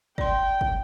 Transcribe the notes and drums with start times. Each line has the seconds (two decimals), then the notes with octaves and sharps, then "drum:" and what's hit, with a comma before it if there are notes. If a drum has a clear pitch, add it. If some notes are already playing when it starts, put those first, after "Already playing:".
0.18 D5 G5 C6, drum: kick
0.61 drum: kick